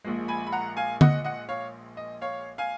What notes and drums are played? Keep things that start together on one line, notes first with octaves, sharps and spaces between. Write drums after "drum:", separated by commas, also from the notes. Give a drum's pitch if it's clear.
A#1 A#2 F3 G#3
G#5 B5
B5
F#5 A#5
F5 G#5
D#5 F#5, drum: tom D3
D#5 F#5
C#5 F5
D#5
C#5 F5
F5 G#5